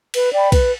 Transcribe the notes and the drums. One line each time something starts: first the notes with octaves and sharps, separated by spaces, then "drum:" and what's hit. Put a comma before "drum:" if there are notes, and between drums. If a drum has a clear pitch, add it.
B4, drum: cymbal
D5 G5 B5
B4, drum: kick, cymbal